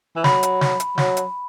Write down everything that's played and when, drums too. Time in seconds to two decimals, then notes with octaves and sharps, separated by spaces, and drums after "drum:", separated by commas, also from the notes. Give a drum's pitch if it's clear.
0.16 E3
0.24 F#3 B5, drum: snare
0.43 drum: hi-hat
0.61 drum: snare
0.80 drum: hi-hat
0.98 F#3, drum: snare
1.17 drum: hi-hat